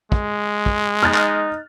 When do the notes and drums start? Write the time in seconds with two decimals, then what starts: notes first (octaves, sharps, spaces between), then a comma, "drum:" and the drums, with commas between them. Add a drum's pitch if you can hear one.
0.12 G#3, drum: kick
0.66 drum: kick
1.03 D#4 F6 F#6 A6
1.14 drum: clap